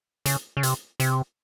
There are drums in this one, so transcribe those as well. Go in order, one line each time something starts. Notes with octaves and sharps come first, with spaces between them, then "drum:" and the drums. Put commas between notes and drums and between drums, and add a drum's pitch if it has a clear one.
C#3, drum: hi-hat
C#3
C3, drum: hi-hat
C3, drum: hi-hat